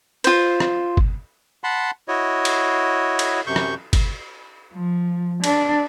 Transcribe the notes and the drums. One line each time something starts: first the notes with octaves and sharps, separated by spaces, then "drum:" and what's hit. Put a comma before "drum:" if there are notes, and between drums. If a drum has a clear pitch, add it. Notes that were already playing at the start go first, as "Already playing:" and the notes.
F4 C5, drum: cymbal
drum: rim click
drum: kick G1
F#5 A5 B5 C6
E4 F#4 C#5 D#5
drum: cymbal
drum: cymbal
F#2 C3 C#6 G6
drum: rim click
drum: kick G1, cymbal
F3
D4, drum: cymbal